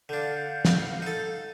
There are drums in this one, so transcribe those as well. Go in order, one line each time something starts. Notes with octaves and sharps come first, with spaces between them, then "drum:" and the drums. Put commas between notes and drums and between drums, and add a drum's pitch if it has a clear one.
D3 D4 F5 F#5 G6
drum: snare
D#4 A4